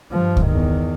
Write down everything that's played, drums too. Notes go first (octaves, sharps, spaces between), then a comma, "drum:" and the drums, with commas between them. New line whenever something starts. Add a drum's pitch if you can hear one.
G2 F3
drum: kick C#2
E2 D#3